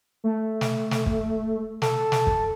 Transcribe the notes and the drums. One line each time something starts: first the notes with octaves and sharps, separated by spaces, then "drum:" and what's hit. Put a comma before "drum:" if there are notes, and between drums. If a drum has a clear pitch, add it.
A3
drum: snare
drum: snare
drum: kick
A4, drum: snare
drum: snare
drum: kick